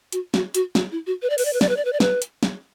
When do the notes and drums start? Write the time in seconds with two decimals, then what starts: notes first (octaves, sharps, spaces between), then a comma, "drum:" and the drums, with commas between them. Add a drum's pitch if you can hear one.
0.12 F#4, drum: hi-hat
0.34 F#4, drum: snare
0.54 F#4, drum: hi-hat
0.75 F#4, drum: snare
0.91 E4
1.07 F#4
1.22 B4
1.30 D5
1.38 B4, drum: open hi-hat
1.45 D5
1.53 B4
1.61 D5, drum: snare
1.69 B4
1.77 D5
1.85 B4
1.93 D5
2.00 B4, drum: snare
2.22 drum: hi-hat
2.43 drum: snare